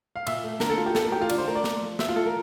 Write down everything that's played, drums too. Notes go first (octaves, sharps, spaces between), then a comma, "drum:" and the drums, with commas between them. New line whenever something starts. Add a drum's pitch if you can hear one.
F5
A#2 E5, drum: cymbal
A3
D3 A#4, drum: snare
A4
A3 F4
G4
A3 A4, drum: snare
A#4
E3 G4
F4
D3 D5, drum: cymbal
C5
A3 A#4
D5
A3, drum: snare
F3
A3 E5, drum: snare
F4
E3 A4
A#4